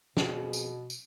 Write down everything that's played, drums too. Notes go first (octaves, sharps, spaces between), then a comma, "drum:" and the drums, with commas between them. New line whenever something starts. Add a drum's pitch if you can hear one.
F2 B2 B3 G#4, drum: snare
drum: tambourine
drum: tambourine